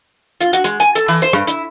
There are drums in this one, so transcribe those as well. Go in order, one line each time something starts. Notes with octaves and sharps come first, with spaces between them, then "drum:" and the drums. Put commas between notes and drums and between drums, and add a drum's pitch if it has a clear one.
F4, drum: hi-hat
F#4, drum: hi-hat
G#3, drum: hi-hat
G#5, drum: hi-hat
A4, drum: hi-hat
E3, drum: open hi-hat
C5, drum: hi-hat
G2, drum: rim click
E4, drum: hi-hat